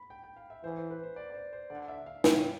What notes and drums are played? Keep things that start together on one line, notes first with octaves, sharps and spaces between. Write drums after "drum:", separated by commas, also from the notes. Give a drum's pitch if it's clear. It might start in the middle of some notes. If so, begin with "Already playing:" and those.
Already playing: B5
G5
G5
F5
E5
E3 C5
C5
B4
C5
D5
D5
C5
C5
D3 D5
E5
F5
G5, drum: snare